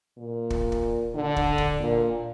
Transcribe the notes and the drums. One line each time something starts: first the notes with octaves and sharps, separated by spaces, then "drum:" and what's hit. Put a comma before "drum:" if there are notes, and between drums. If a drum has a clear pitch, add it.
A#2
drum: kick
drum: kick
D3
drum: kick
drum: kick
A#2